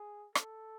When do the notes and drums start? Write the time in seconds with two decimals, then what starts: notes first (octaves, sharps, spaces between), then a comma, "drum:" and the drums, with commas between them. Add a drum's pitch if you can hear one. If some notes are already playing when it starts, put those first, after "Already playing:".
Already playing: G#4
0.35 A4, drum: rim click